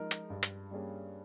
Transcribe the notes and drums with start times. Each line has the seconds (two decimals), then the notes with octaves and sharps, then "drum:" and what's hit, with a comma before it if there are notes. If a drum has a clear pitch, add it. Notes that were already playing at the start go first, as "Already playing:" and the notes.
Already playing: F3 G#3 D#4 A#4
0.11 drum: hi-hat
0.30 G2
0.43 drum: hi-hat
0.71 G3 A#3 C#4 G#4